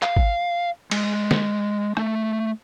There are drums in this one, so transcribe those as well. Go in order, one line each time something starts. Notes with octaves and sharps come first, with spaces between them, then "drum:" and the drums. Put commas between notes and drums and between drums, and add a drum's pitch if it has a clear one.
F5, drum: clap
drum: kick G#1
G#3, drum: cymbal
drum: snare
A3, drum: rim click